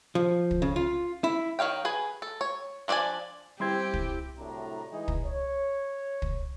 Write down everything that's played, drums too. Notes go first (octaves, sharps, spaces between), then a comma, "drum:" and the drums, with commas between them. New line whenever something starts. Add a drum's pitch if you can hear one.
F3
drum: kick
C#3
F4
E4
D#3 C#5 F5 G5
G#4 B4 G#5
A4
C#5
F3 D4 E4 D5 G#5
G3 C4 E4 G4 C6 E6 G#6
drum: kick
C2 A2 C3 F#3 D4 A#5
E3 G#3 D#4 G#4
drum: kick
C#5
drum: kick